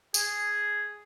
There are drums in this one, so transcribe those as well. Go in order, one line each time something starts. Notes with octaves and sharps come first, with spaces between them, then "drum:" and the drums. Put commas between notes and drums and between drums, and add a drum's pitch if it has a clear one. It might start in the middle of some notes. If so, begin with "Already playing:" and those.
G#4, drum: tambourine